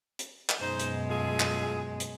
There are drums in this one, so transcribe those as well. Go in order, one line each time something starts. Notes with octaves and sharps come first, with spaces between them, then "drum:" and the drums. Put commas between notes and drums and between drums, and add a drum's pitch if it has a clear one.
drum: hi-hat
drum: clap
F#2 B2 G#3 D#4 C5
drum: hi-hat
A3 F4 G#4
drum: clap
drum: hi-hat